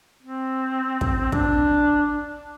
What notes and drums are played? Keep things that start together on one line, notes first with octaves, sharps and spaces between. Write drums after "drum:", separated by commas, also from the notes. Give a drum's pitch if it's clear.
C4
drum: kick
D4, drum: kick